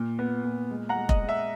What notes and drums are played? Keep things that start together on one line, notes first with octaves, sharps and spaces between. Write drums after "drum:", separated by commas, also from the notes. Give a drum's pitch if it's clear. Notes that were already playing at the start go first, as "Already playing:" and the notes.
Already playing: A#2
B3
A#2
G#3
F#5 A#5
G#3
D#5, drum: kick F1
G#3
E5